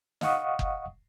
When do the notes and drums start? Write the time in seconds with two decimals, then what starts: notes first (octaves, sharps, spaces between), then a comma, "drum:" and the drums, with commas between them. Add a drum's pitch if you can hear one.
0.21 D#5 F5 F#5 C#6 D#6, drum: snare
0.59 drum: kick F#1